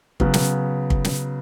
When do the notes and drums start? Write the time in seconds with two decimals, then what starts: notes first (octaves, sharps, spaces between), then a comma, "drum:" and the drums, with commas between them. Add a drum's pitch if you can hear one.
0.20 C#3 F#3 B3, drum: kick
0.34 drum: snare
0.90 drum: kick
1.05 drum: snare